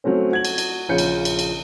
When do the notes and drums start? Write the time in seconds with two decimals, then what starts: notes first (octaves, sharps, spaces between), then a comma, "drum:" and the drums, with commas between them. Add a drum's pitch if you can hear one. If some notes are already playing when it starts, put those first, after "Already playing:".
0.04 F#3 A3 C4 C#4
0.31 F#4 G#6 F#7
0.45 drum: cymbal
0.58 drum: cymbal
0.89 A#1 C#3 F4 C#5 G6 C#7
0.98 drum: cymbal
1.25 drum: cymbal
1.39 drum: cymbal